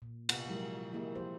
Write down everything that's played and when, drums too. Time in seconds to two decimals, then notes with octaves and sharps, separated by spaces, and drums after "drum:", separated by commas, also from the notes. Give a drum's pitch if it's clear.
0.02 A#2
0.29 C3 B3 F4 F#5, drum: cymbal
0.46 F3 F#3 G#3 E4 G4 A#4
0.92 E3 A#3 E4 G4 G#4 D#5
1.15 F3 A#3 G4 C5